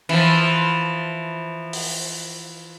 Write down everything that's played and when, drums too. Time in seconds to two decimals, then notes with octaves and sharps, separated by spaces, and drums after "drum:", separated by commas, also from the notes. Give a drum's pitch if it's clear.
0.09 E3 F3, drum: cymbal
1.73 drum: open hi-hat